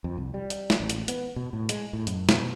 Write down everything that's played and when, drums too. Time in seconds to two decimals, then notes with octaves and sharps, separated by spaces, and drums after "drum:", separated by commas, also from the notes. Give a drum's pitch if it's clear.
0.04 F2
0.17 C2
0.34 G3
0.50 drum: hi-hat
0.70 drum: snare
0.80 A1
0.90 drum: hi-hat
1.08 B3, drum: hi-hat
1.36 B2
1.53 A2
1.69 G#3, drum: hi-hat
1.93 A2
2.07 F#2, drum: hi-hat
2.29 B2, drum: snare